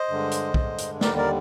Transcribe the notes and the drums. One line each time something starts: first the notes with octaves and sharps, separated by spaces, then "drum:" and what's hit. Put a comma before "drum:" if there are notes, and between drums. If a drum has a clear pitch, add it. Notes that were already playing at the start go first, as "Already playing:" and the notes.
Already playing: C5 D#5
G2 D3 G#3
drum: hi-hat
G2 D3 G#3, drum: kick B1
drum: hi-hat
D#2 D3 G3 A#4 D5, drum: snare
A#4 D5